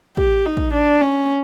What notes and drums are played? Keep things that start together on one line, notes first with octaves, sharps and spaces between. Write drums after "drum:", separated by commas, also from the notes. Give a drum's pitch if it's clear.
G4, drum: kick
D#4
drum: kick
D4
C#4